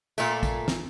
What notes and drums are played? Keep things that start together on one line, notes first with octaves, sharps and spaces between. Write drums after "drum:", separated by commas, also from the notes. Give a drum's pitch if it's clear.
A#2 A3, drum: tambourine
drum: kick, tambourine
drum: snare